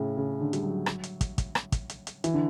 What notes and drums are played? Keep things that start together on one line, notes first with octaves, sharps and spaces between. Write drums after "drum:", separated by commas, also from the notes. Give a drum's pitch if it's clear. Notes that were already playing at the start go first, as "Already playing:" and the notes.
Already playing: A2 C#3
C#3
D3
G3, drum: hi-hat
F#3
drum: rim click
drum: hi-hat
drum: kick, hi-hat
drum: kick, hi-hat
drum: rim click
drum: kick, hi-hat
drum: hi-hat
drum: hi-hat
E3, drum: hi-hat
D3